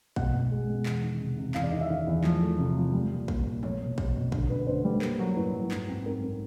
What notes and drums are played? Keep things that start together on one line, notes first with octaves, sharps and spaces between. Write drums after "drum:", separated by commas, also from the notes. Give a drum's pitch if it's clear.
B2 F#5, drum: kick
B2
G#3
B2
E2 F#5, drum: clap
D#3
C3
C3
E2 F5, drum: clap
D5
D#3 D#5
E5
D#3 F5
E2
F3, drum: clap
A3
C3
F3
G3
A#2
A#3, drum: kick
A#2
A3 C#5, drum: tom E3
B2
B2, drum: kick
B2
D3, drum: kick
D3 B4
B4
D3 C5
G3
A#3, drum: clap
F#3
A2 B4
F#3
G#2, drum: clap
C4
G#2 A#4
C4